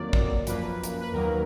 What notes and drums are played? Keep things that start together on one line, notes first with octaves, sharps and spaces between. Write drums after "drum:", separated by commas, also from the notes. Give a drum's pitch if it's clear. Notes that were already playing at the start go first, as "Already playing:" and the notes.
Already playing: F2 D#3 F#3 A#3 D5
drum: kick
F#2 F3 A#3 B4, drum: hi-hat
drum: hi-hat
B4
D#2 D#3 F#3 A#3 A#4